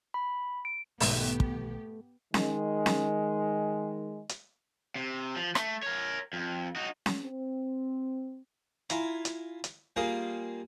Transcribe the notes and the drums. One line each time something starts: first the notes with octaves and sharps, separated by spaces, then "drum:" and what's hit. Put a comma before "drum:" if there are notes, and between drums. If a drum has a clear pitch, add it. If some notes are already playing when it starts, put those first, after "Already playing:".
B5
D7
B1 G#2 B2 D#3 F3 A3 B3 G4, drum: open hi-hat
drum: kick
D#3 G#3, drum: snare C#4
drum: snare C#4
drum: hi-hat
C3
F3
A3, drum: rim click
A#4 C#5
F2
D#4 F#4
drum: snare C#4
C4
E4 F4 G#5 A#5, drum: hi-hat
drum: hi-hat
drum: hi-hat
G3 A#3 F4 G#4 A#4